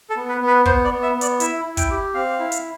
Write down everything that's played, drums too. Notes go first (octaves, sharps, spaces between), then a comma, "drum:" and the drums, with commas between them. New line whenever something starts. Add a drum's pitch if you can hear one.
A4
B3
B4
B3
B4
B3 C5, drum: kick
D5
B3
E5
B3
D5, drum: hi-hat
E4 E5, drum: hi-hat
E4
G5, drum: kick, hi-hat
G4
C4 F5
E4
drum: hi-hat